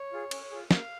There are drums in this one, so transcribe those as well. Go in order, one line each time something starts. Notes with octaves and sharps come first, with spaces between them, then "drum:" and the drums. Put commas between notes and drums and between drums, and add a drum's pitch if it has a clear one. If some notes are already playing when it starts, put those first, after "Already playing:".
Already playing: C#5
F4 G#4
C#4, drum: cymbal
F4 G#4
A#3 F5, drum: snare